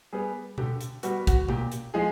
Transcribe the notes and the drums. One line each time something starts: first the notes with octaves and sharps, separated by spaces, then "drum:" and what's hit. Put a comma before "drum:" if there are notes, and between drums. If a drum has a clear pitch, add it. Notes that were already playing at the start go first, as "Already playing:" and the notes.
G3 B3 G#4
D3 G4, drum: tom B2
drum: hi-hat
G3 B3 F#4, drum: hi-hat
F#4, drum: kick, hi-hat
A#2 G4, drum: tom B2
drum: hi-hat
F3 G#3 G#4